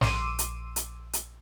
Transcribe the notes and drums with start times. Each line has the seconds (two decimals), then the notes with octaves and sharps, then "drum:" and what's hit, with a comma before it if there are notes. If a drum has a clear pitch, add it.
0.01 A#1 C6 D6 E6 D#7, drum: snare
0.39 drum: hi-hat
0.76 drum: hi-hat
1.13 drum: hi-hat